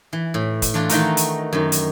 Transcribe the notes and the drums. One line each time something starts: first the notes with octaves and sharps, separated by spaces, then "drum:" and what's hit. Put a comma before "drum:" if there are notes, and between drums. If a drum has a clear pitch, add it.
E3
A2
drum: kick, hi-hat
E3 A3 D4 F4
D#3 E3 A3 D#4 F#4 A#4, drum: hi-hat
drum: hi-hat
F#2 D#3
drum: hi-hat